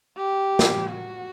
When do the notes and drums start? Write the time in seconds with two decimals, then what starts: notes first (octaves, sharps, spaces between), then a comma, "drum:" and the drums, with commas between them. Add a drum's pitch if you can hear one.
0.17 G4
0.59 drum: snare
0.90 F#4